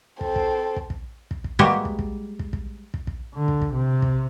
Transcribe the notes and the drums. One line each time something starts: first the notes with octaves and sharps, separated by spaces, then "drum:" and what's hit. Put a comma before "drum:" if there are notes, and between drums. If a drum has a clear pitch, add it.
C4 A4, drum: kick
drum: kick
drum: kick
drum: kick
drum: kick
drum: kick
G3 G#3 A#3 F#4 G4 B4
drum: kick
drum: kick
drum: kick
drum: kick
drum: kick
drum: kick
D3
drum: kick
drum: kick
C3
drum: kick